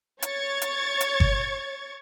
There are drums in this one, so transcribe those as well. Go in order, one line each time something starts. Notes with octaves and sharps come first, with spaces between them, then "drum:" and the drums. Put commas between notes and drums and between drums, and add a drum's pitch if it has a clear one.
C#5 C#6 G#6 A6, drum: hi-hat
drum: hi-hat
drum: hi-hat
drum: kick G1